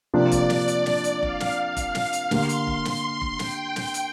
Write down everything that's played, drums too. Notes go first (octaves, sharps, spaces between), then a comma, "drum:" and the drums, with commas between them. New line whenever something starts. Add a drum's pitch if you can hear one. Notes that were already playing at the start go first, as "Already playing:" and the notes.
C3 F3 A#3 D4 F4 D5
drum: kick F1, hi-hat
drum: snare
drum: hi-hat
drum: snare
drum: hi-hat
F5, drum: kick F1
drum: snare
drum: kick F1, hi-hat
drum: snare
drum: hi-hat
D3 A#3 G4 C6, drum: snare
drum: hi-hat
drum: kick F1
drum: snare
drum: kick F1
G5, drum: snare
drum: snare
drum: hi-hat